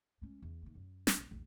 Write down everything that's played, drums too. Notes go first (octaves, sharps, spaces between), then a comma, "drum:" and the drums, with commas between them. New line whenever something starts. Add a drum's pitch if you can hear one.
G#3 C#4
E2
D#3 A#3
F#2
drum: snare
A#1
A#1 E2